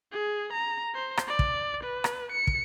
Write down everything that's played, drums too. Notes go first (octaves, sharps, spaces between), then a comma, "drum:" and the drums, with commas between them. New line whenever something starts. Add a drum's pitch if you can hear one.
G#4
A#5
C5
drum: rim click
D5
drum: kick
B4
drum: rim click
C#7
drum: kick